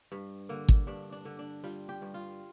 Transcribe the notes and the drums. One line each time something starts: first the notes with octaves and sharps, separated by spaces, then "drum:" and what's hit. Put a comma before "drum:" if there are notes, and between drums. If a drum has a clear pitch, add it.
G2
D3 A#3
drum: kick
G2 D4
D4
D3
D4
G3 F4
G4
G2
F4